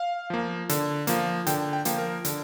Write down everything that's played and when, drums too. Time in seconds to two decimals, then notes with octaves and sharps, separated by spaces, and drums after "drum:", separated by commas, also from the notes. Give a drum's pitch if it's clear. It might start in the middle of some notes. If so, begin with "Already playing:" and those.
Already playing: F5
0.30 F3 A#3
0.69 D3, drum: hi-hat
1.07 F3 A#3, drum: hi-hat
1.47 D3 G5, drum: hi-hat
1.73 G5
1.85 F3 A#3, drum: hi-hat
1.98 A#4
2.25 D3, drum: hi-hat